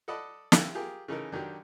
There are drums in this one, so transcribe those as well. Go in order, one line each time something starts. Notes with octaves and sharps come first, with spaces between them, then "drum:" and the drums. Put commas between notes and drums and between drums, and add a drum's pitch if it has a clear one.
A4 D5 D#5 F#5 A5 B5
E4 F5 G5 E6, drum: snare
F4 G4 G#4 A#4
C#3 E3 D#4 A4 A#4
D3 D#3 F#3 G4